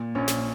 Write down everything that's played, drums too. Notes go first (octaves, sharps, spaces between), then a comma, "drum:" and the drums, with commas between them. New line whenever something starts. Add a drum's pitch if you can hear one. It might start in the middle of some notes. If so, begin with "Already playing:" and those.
Already playing: A#2
A#1 C#4
drum: snare